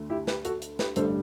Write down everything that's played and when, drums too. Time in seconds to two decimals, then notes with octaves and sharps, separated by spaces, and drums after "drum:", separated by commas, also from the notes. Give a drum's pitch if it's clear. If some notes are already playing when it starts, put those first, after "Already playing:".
Already playing: D2 D3 A3
0.10 E4 G4
0.27 G4 B4, drum: snare
0.45 F#4 A4, drum: hi-hat
0.62 drum: hi-hat
0.79 G4 B4, drum: snare
0.96 A1 G2 D3 G3 A4 C5, drum: hi-hat